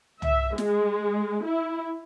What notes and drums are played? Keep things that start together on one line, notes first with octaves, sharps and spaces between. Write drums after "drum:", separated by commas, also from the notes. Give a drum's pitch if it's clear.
E5, drum: tom
G#3, drum: snare
E4